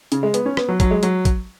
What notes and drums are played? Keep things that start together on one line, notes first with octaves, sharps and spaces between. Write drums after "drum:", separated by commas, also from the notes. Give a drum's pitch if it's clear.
C#3, drum: hi-hat
G#3
B3, drum: hi-hat
C#4
B3, drum: rim click
F#3
F#3, drum: kick A#1, hi-hat
G#3
F#3, drum: hi-hat
drum: kick A#1, hi-hat